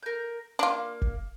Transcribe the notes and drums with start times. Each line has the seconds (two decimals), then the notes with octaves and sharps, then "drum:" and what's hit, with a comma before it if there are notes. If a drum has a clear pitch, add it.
0.03 A#4 G6
0.59 A#3 D4 F4 F5 D6
1.02 drum: kick